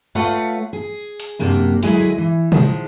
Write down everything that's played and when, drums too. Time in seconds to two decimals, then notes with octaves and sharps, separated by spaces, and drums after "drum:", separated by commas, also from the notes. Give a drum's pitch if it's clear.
0.15 A3 F4 B4 C#5 F5 F#5
0.73 G#4
1.20 drum: hi-hat
1.39 F#2 C3 A#3 D4
1.83 D2 F#3 G#3 E4 G#4 G#5, drum: hi-hat
2.18 E3
2.52 D#3 F3 G#3, drum: tom